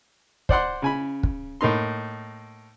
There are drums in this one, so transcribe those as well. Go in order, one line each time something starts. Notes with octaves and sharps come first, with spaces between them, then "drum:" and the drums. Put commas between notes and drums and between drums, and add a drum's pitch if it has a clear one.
C5 D5 F#5 C6, drum: kick
C#3 G#5 B5
drum: kick
A2 A#3 D#4 C6